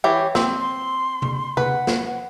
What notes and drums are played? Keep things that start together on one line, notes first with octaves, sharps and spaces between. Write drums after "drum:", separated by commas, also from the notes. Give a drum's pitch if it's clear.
E3 G4 C#5
C4, drum: snare
C6
drum: tom C3
B4 F#5, drum: tom C3
drum: snare